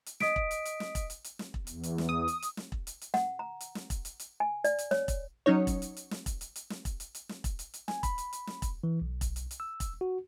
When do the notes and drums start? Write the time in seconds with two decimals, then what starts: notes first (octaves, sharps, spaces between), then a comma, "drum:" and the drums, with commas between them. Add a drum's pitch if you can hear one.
0.06 drum: hi-hat
0.20 D#5 D#6 B6 D7, drum: snare
0.36 drum: kick E1
0.51 drum: hi-hat
0.65 drum: hi-hat
0.80 drum: snare
0.95 drum: kick E1, hi-hat
1.10 drum: hi-hat
1.24 drum: hi-hat
1.39 drum: snare
1.54 drum: kick E1
1.67 E2, drum: hi-hat
1.83 drum: hi-hat
1.98 drum: snare
2.09 D#6
2.28 drum: hi-hat
2.42 drum: hi-hat
2.57 drum: snare
2.72 drum: kick E1
2.87 drum: hi-hat
3.01 drum: hi-hat
3.14 F#5, drum: snare
3.39 A#5
3.60 drum: hi-hat
3.75 drum: snare
3.90 drum: kick E1, hi-hat
4.05 drum: hi-hat
4.20 drum: hi-hat
4.40 G#5
4.64 D5, drum: hi-hat
4.79 drum: hi-hat
4.91 C#5, drum: snare
5.08 drum: kick E1, hi-hat
5.46 F#3 C#4 D#4 C#5
5.67 drum: kick E1, hi-hat
5.82 drum: hi-hat
5.97 drum: hi-hat
6.11 drum: snare
6.26 drum: kick E1, hi-hat
6.41 drum: hi-hat
6.56 drum: hi-hat
6.70 drum: snare
6.85 drum: kick E1, hi-hat
7.00 drum: hi-hat
7.15 drum: hi-hat
7.29 drum: snare
7.44 drum: kick E1, hi-hat
7.59 drum: hi-hat
7.74 drum: hi-hat
7.88 G#5, drum: snare
8.03 B5, drum: kick E1, hi-hat
8.18 drum: hi-hat
8.33 drum: hi-hat
8.47 drum: snare
8.62 drum: kick E1, hi-hat
8.84 E3
9.02 B1
9.21 drum: kick E1, hi-hat
9.36 drum: hi-hat
9.51 drum: hi-hat
9.60 E6
9.80 drum: kick E1, hi-hat
10.01 F#4